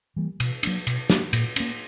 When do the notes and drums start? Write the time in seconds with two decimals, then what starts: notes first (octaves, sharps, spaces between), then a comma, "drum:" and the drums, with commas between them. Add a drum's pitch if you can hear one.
0.16 E3 G3 A#3
0.40 B2, drum: cymbal
0.63 F#3 A#3 D4, drum: cymbal
0.87 B2, drum: cymbal
1.10 F#3 A#3 D4, drum: snare
1.33 A#2, drum: cymbal
1.56 A#3 C#4, drum: cymbal